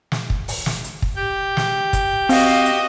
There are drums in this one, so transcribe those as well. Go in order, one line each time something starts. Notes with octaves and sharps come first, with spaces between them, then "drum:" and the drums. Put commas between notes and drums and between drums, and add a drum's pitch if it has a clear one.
drum: snare
drum: kick
drum: open hi-hat
drum: snare
drum: hi-hat
drum: kick
G4 G6
drum: snare
drum: kick, hi-hat
C4 F#4 D#5 F5, drum: open hi-hat
drum: hi-hat